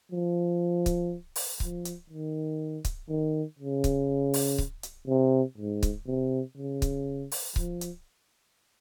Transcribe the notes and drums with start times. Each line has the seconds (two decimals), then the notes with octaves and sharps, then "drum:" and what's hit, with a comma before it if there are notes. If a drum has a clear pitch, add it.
0.12 F3
0.86 drum: kick C#1, hi-hat
1.36 drum: open hi-hat
1.60 F3, drum: kick C#1
1.85 drum: hi-hat
2.10 D#3
2.85 drum: kick C#1, hi-hat
3.09 D#3
3.59 C#3
3.84 drum: kick C#1, hi-hat
4.34 drum: open hi-hat
4.58 drum: kick C#1
4.83 drum: hi-hat
5.07 C3
5.58 G#2
5.83 drum: kick C#1, hi-hat
6.07 C3
6.57 C#3
6.82 drum: kick C#1, hi-hat
7.32 drum: open hi-hat
7.56 F3, drum: kick C#1
7.81 drum: hi-hat